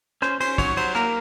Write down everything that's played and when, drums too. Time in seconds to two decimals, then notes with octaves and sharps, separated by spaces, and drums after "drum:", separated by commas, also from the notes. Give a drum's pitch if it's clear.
0.22 C#4 C5, drum: rim click
0.40 C#4 C5, drum: cymbal
0.58 F#3 C#5, drum: kick, cymbal
0.77 F#3 C5, drum: cymbal
0.95 A#3 A#4, drum: rim click